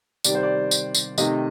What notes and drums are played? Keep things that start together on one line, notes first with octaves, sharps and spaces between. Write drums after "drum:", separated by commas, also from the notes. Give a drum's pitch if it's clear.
C3 D#3 G3 D5, drum: tambourine
C5
D5
drum: tambourine
drum: tambourine
C3 D#3 A3 D#5, drum: tambourine